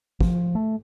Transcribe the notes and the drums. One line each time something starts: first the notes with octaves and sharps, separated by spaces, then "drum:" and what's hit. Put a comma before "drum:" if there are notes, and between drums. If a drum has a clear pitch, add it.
F3, drum: kick
A3